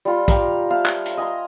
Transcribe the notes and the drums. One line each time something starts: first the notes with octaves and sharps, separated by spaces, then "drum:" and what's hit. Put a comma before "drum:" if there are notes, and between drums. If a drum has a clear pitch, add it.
G3 F4 C6
G4 F5 A#5, drum: kick, hi-hat
C5 E5 F5 A5
drum: clap
drum: hi-hat
D#5 G#5 A#5 C6